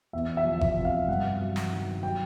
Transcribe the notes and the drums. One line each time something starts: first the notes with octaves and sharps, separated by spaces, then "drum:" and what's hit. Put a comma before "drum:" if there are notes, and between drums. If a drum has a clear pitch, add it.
E2 E5
E5
F3
E5, drum: kick G1
C3
F5
G2 F#5
F#3
drum: snare
D#3
F#3 G5